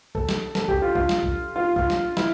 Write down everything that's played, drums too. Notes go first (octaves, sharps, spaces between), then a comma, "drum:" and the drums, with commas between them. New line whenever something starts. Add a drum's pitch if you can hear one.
A4, drum: kick
drum: snare
A4, drum: snare
G4, drum: kick
F4
F4, drum: kick
drum: snare
drum: kick
F4
F4, drum: kick
drum: snare
E4, drum: snare